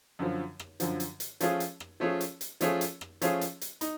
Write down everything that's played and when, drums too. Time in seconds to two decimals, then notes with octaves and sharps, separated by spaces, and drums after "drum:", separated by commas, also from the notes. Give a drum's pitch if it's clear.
0.19 F#2 D3 F3
0.60 drum: rim click
0.80 F#2 D3 F3, drum: hi-hat
1.00 drum: hi-hat
1.20 drum: hi-hat
1.41 F3 A3 C#4 F4 G#4, drum: hi-hat
1.60 drum: hi-hat
1.80 drum: rim click
2.00 F3 A3 C#4 F4 G#4
2.21 drum: hi-hat
2.41 drum: hi-hat
2.61 F3 A3 C#4 F4 G#4, drum: hi-hat
2.81 drum: hi-hat
3.01 drum: rim click
3.22 F3 A3 C#4 F4 G#4, drum: hi-hat
3.41 drum: hi-hat
3.61 drum: hi-hat
3.81 D#4, drum: hi-hat